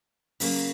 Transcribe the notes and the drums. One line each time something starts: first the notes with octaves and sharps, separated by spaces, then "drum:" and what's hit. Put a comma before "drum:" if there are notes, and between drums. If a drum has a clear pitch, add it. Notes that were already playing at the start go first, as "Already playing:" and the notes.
C#3 F#3 A#3, drum: open hi-hat